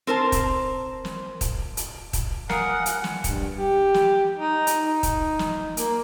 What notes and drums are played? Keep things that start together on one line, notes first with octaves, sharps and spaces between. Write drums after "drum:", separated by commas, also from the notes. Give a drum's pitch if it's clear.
C4 A#4 C5 A5
drum: kick, hi-hat
drum: snare
drum: kick, hi-hat
drum: hi-hat
drum: kick, hi-hat
A#4 F5 F#5 G#5 D#6 C#7, drum: snare
drum: hi-hat
drum: snare
G2, drum: kick, hi-hat
G4
drum: snare
D#4
drum: hi-hat
D#4
drum: kick, hi-hat
drum: snare
A#3, drum: hi-hat